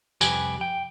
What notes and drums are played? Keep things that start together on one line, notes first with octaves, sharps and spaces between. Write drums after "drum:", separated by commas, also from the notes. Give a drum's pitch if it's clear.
C2 F2 G4 B4 G#5, drum: tambourine
G5